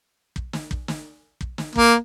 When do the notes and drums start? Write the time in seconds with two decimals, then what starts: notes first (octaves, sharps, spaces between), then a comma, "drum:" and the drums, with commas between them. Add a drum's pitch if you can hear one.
0.36 drum: kick
0.53 drum: snare
0.71 drum: kick
0.88 drum: snare
1.41 drum: kick
1.58 drum: snare
1.76 A#3, drum: kick